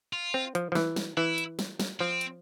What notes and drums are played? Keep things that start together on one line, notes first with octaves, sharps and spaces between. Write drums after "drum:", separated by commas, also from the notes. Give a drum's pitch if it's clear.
F4
C4
F3, drum: hi-hat
F3
E3, drum: snare
drum: snare
E3 E4
drum: hi-hat
drum: snare
drum: snare
F3 C4
drum: hi-hat